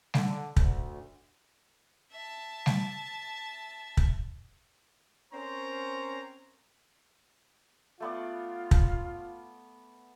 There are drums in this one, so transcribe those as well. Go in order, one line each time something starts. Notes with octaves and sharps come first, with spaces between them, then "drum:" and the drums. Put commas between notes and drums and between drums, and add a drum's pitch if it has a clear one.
D3, drum: snare
D2, drum: kick
E5 A5
drum: snare
drum: kick
C4 C#4 A#4 C5 C#5 A#5
A3 B3 F4 D5
drum: kick